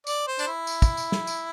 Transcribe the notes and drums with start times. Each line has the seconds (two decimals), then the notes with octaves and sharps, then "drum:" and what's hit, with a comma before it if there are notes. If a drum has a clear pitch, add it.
0.07 D5, drum: tambourine
0.27 C5
0.39 D4, drum: tambourine
0.47 E4
0.67 drum: tambourine
0.82 drum: kick, tambourine
0.97 drum: tambourine
1.12 drum: snare
1.27 drum: tambourine